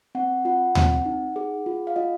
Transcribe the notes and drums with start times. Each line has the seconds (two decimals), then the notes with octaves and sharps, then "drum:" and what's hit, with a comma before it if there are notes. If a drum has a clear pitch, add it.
0.15 C4 F#5
0.45 F4 F#5
0.75 C4, drum: tom D2
1.06 D#4
1.36 G#4
1.66 F4
1.87 F5
1.96 F4 D#5